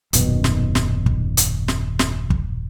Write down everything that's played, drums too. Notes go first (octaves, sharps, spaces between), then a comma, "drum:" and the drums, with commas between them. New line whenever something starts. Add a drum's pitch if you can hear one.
D#1 F#2 B2 D#3, drum: hi-hat
drum: snare
drum: snare
drum: kick
drum: hi-hat
drum: snare
drum: snare
drum: kick